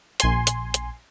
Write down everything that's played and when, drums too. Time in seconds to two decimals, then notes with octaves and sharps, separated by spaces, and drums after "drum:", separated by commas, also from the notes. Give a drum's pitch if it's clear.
0.20 A#1 G#5 C6, drum: hi-hat
0.47 drum: hi-hat
0.74 drum: hi-hat